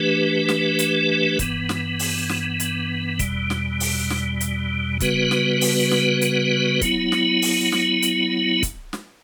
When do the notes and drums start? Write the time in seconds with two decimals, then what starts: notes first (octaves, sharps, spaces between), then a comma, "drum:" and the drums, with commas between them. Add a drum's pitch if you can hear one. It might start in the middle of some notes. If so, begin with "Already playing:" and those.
Already playing: E3 A3 D4 G4 B4
0.48 drum: snare
0.79 drum: hi-hat
1.39 G2 E3 B3, drum: kick, hi-hat
1.69 drum: snare
1.99 drum: open hi-hat
2.29 drum: snare
2.60 drum: hi-hat
3.19 E2 B2 G3, drum: kick, hi-hat
3.50 drum: snare
3.80 drum: open hi-hat
4.10 drum: snare
4.41 drum: hi-hat
5.00 C#3 G3 B3 F#4 B4, drum: kick, hi-hat
5.31 drum: snare
5.61 drum: open hi-hat
5.91 drum: snare
6.21 drum: hi-hat
6.81 F#3 B3 E4, drum: kick, hi-hat
7.12 drum: snare
7.42 drum: open hi-hat
7.72 drum: snare
8.02 drum: hi-hat
8.63 drum: kick, hi-hat
8.93 drum: snare